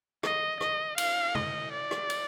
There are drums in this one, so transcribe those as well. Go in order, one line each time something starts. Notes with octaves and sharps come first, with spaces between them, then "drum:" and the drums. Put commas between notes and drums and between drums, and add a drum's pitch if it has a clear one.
D#5, drum: rim click
D#5, drum: rim click
F5, drum: cymbal
D#5, drum: tom
D5
drum: rim click
drum: cymbal